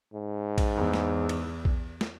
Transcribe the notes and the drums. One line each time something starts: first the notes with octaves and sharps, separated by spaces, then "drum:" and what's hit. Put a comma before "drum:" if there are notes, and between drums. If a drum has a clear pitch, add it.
G#2
drum: kick A#1, cymbal
E2
drum: snare
drum: cymbal
drum: kick A#1
drum: snare